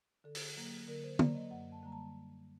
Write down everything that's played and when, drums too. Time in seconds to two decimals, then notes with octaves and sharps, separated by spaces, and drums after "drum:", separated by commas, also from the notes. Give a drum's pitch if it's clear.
0.24 D3 A4
0.35 drum: open hi-hat
0.56 F#3 A#3
0.88 D3 A#4
1.04 C5
1.19 F#3 A#3 D5, drum: tom
1.35 D#5
1.51 F#2 F#5
1.72 A5
1.83 D3 G3 A#3 A#5
1.92 A5